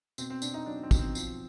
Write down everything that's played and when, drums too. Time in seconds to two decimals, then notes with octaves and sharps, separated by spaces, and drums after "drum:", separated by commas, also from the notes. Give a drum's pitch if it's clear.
0.18 B2 C4, drum: tambourine
0.30 C4
0.42 B2 D4, drum: tambourine
0.54 D#4
0.66 F#3 D4
0.83 C4
0.91 B2, drum: kick, tambourine
0.99 C4
1.15 F3, drum: tambourine